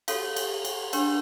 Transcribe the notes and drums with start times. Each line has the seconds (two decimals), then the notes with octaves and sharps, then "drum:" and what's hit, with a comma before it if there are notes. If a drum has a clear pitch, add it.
0.08 F#4 A4 C#5 F5, drum: cymbal
0.36 drum: cymbal
0.65 drum: cymbal
0.93 D4 G4 A#4 C#5, drum: cymbal